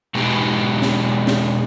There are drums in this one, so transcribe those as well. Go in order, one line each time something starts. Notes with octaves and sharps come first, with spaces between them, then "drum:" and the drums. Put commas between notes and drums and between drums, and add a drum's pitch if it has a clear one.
B2 G#3 B3 D#4 G4
drum: snare
drum: snare